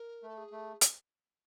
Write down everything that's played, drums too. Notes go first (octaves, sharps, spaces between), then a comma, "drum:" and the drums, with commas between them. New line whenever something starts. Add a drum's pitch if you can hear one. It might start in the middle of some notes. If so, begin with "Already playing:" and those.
Already playing: A#4
A3
A4
G#4
A3
drum: hi-hat